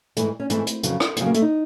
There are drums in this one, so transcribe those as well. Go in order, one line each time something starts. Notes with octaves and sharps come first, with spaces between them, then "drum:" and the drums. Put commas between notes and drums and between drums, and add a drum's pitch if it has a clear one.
G#2 E3 A3, drum: hi-hat
C#4
G#2 E3 A3 C4, drum: hi-hat
drum: hi-hat
F2 C#3 F#3, drum: hi-hat
drum: rim click
F2 C#3 F#3 C4, drum: hi-hat
A#3
A3, drum: hi-hat
D#4